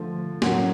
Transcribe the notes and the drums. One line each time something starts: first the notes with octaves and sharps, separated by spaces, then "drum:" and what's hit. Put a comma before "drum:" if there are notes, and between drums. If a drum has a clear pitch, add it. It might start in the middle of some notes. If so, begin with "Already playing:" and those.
Already playing: D3 F3 A3
A2 F#3 A#3 C#4 F#4, drum: snare